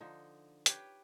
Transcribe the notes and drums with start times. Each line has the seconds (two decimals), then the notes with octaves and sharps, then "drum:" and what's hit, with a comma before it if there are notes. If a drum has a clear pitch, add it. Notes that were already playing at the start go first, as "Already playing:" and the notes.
0.01 D3 F3 D#4
0.66 G4 B4 C#5 G5, drum: hi-hat